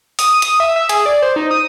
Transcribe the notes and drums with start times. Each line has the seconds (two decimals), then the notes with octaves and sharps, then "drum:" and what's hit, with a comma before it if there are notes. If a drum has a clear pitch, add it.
0.19 D#6, drum: open hi-hat
0.42 drum: hi-hat
0.60 E5
0.76 E5
0.89 G#4, drum: hi-hat
1.06 D5
1.22 C5
1.36 D#4
1.51 D#6